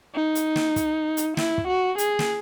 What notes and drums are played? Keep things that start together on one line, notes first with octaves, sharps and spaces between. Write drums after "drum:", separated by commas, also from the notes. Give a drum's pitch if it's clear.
D#4
drum: hi-hat
drum: snare
drum: kick, hi-hat
drum: hi-hat
E4, drum: snare
drum: kick
F#4
G#4, drum: hi-hat
drum: snare